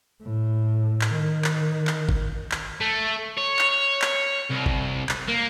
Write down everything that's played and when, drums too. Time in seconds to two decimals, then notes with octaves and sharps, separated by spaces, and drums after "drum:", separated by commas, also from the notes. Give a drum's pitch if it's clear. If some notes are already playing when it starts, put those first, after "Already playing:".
0.23 A2
1.01 drum: clap
1.14 D#3
1.44 drum: clap
1.87 drum: clap
2.09 drum: kick
2.52 drum: clap
2.81 A3
3.37 C#5
3.59 drum: clap
4.02 drum: clap
4.50 C2
4.66 drum: kick
5.09 drum: clap
5.28 A#3